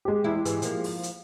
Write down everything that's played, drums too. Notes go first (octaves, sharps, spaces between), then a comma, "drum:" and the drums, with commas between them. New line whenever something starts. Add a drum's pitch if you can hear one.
G#3 G4
E2 E4
G#2 E3, drum: hi-hat
F3 A#3, drum: hi-hat
drum: open hi-hat
drum: hi-hat